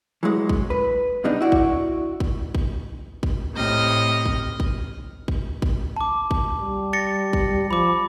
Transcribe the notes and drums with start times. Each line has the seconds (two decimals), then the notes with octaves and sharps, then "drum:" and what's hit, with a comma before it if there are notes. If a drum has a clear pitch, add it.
0.23 E3 F#3 G#3
0.49 drum: kick
0.70 B4
1.24 B2 G3 D4 D#4
1.40 E4 F#4 D5
1.52 drum: kick
2.20 drum: kick
2.55 drum: kick
3.23 drum: kick
3.54 A2 C3 D#5 F6
4.26 drum: kick
4.60 drum: kick
5.28 drum: kick
5.62 drum: kick
5.96 A5 D6
6.31 drum: kick
6.59 G3
6.93 A6 A#6 C#7
7.33 drum: kick
7.71 F3 B5 D6